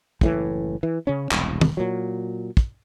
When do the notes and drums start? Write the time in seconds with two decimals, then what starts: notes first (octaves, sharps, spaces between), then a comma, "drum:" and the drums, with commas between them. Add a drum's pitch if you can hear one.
0.21 F#1 A2 E3, drum: kick
0.83 E3
1.07 C#3 C#4
1.31 E1 C2, drum: clap
1.61 drum: tom
1.77 A#2 F#3
2.57 drum: kick